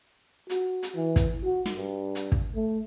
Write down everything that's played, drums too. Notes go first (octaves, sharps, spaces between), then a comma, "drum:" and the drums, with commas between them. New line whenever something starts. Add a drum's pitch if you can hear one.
F#4, drum: hi-hat
drum: hi-hat
E3
drum: kick, hi-hat
F#4
drum: snare
G2
drum: hi-hat
drum: kick
A3